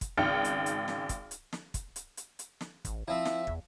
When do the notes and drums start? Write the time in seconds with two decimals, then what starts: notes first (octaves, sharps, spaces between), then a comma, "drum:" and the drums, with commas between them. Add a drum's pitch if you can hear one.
0.01 drum: kick, hi-hat
0.17 G#1 C#2 D#4 G5 F6 C#7
0.44 drum: hi-hat
0.66 drum: hi-hat
0.88 drum: snare
1.09 drum: kick, hi-hat
1.31 drum: hi-hat
1.52 drum: snare
1.74 drum: kick, hi-hat
1.96 drum: hi-hat
2.17 drum: hi-hat
2.39 drum: hi-hat
2.61 drum: snare
2.85 A1, drum: kick, hi-hat
3.08 F3 C4 E4 E5
3.25 drum: snare
3.47 E2, drum: kick